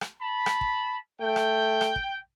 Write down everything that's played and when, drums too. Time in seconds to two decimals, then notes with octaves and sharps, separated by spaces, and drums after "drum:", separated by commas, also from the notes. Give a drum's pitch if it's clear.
0.01 drum: rim click
0.21 A5 B5
0.46 drum: rim click
0.61 drum: kick
1.21 A3 G5
1.36 drum: rim click
1.81 drum: rim click
1.96 drum: kick